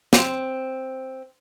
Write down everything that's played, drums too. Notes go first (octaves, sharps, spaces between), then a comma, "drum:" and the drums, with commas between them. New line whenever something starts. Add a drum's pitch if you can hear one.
C4, drum: snare